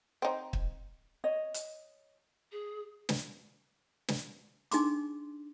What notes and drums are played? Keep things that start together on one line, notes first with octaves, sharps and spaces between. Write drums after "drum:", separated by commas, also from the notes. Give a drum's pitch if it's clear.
C4 D#4
drum: kick
C#5 D#5
drum: hi-hat
G#4
drum: snare
drum: snare
D4 D#4 G#4 C6 D6, drum: hi-hat